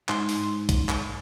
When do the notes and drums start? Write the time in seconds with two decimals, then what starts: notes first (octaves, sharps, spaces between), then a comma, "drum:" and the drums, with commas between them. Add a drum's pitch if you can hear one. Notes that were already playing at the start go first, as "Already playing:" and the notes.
0.09 G#2 D#4 C6, drum: clap
0.29 drum: open hi-hat
0.69 drum: kick B1, hi-hat
0.89 drum: clap